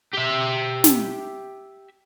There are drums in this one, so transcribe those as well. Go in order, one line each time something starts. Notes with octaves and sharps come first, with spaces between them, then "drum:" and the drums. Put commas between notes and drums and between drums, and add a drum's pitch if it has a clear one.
G4 E5
drum: snare